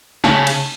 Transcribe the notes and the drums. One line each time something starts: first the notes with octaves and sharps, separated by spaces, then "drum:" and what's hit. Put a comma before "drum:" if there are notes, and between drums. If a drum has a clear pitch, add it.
C#3 A5, drum: snare
drum: cymbal